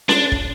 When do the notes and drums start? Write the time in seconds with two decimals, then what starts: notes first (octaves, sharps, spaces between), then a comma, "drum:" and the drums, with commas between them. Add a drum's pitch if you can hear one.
0.09 D4, drum: snare C#4
0.32 drum: kick